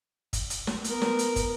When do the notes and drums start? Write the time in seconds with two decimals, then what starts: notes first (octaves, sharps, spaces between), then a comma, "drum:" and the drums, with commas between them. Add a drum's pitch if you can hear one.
0.33 drum: kick, hi-hat
0.50 drum: hi-hat
0.67 drum: snare
0.84 B3 A#4, drum: hi-hat
1.02 drum: snare
1.19 drum: hi-hat
1.36 drum: kick, hi-hat